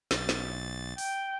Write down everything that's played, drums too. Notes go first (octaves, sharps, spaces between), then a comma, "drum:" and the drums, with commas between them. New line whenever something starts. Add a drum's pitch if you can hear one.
B1 A6, drum: snare
drum: snare
G5, drum: open hi-hat